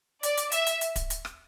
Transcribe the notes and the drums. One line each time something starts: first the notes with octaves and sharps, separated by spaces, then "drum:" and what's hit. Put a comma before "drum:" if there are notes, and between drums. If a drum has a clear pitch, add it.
D5, drum: hi-hat
drum: hi-hat
E5, drum: hi-hat
drum: hi-hat
drum: hi-hat
drum: kick D1, hi-hat
drum: hi-hat
drum: rim click